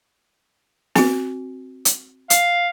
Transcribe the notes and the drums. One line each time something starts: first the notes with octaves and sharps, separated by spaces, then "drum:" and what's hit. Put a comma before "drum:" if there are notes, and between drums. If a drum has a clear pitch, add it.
C4 F#4, drum: snare
drum: hi-hat
F5, drum: hi-hat